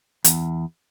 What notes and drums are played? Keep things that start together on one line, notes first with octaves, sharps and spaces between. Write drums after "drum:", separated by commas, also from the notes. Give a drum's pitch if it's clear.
E2, drum: hi-hat